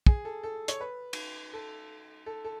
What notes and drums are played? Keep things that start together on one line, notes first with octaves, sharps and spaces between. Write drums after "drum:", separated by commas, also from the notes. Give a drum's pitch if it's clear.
G#4, drum: kick
A4
A4
C#5, drum: hi-hat
B4
drum: cymbal
A4
A4
A4